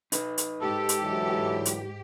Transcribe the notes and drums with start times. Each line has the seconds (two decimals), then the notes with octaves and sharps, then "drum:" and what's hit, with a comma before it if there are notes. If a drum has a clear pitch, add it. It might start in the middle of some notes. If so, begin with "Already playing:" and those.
0.12 D#4 B4, drum: hi-hat
0.38 drum: hi-hat
0.62 G#2 G4 A4
0.89 drum: hi-hat
1.02 D2 E3 F#3
1.65 drum: hi-hat